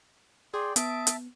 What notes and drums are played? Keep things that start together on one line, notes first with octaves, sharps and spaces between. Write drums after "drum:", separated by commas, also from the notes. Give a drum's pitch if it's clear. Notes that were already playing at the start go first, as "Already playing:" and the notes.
G#4 D5 G5 C6
B3 E5 A5 D#6 D7, drum: hi-hat
drum: hi-hat